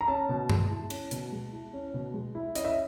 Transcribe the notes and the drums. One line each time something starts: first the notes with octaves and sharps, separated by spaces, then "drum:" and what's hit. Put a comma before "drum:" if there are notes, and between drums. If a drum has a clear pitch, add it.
A#5
C#4 A5
B2
G#3, drum: tom G2
E4
C#4, drum: cymbal
B2, drum: hi-hat
G#3
E4
C#4
B2
G#3
E4
C#4 D#5, drum: hi-hat
E5